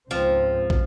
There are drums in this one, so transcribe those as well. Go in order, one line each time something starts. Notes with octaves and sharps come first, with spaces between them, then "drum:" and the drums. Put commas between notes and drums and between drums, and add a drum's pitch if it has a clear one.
C#2 G#2 F3 C4
drum: kick